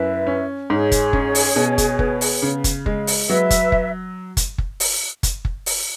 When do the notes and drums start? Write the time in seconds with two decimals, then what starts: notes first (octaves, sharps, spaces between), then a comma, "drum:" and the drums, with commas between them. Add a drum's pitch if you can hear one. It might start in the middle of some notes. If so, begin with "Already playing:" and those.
Already playing: F#2 E4 B4 E5
0.27 C#4
0.70 G#2 G#4 C#5
0.92 drum: kick, hi-hat
1.13 C#4, drum: kick
1.35 drum: open hi-hat
1.56 B2
1.78 drum: kick, hi-hat
1.99 B3, drum: kick
2.21 drum: open hi-hat
2.42 C#3
2.64 drum: kick, hi-hat
2.86 G#3, drum: kick
3.07 drum: open hi-hat
3.28 F#3 B4 E5
3.50 drum: kick, hi-hat
3.72 drum: kick
4.37 drum: kick, hi-hat
4.58 drum: kick
4.80 drum: open hi-hat
5.23 drum: kick, hi-hat
5.45 drum: kick
5.66 drum: open hi-hat